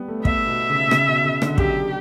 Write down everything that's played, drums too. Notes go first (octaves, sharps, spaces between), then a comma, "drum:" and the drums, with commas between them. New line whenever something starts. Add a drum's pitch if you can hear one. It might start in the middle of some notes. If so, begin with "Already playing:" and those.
Already playing: G3 B3
A3
B3
A3 E5, drum: kick
B2
C#3
B2
C#3, drum: rim click
B2
C#3
D3, drum: rim click
F#3 G4, drum: kick